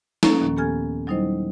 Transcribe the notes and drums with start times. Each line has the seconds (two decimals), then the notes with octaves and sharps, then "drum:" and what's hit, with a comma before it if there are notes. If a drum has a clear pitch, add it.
0.23 F3 A#3 C#4 A4, drum: snare
0.41 D#2 A#2 D#3
0.57 B3 G4 A4 G#5 F6 G#6
1.07 F#3 G3 D#4 E4 C5 D#5